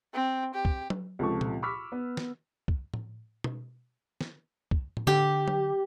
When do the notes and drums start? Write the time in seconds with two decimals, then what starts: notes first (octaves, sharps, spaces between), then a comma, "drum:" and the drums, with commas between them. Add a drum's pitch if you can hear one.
0.13 C4
0.54 G4
0.65 drum: kick
0.90 drum: tom F#3
1.19 C#2 C3 F3 A4 C#6
1.41 drum: tom A#2
1.62 B5 C#6 D6 E6 F6 B6
1.92 B3
2.17 drum: snare
2.68 drum: kick
2.94 drum: tom A2
3.44 drum: tom B2
4.21 drum: snare
4.71 drum: kick
4.97 drum: tom A2
5.07 D3 G4
5.48 drum: tom F#3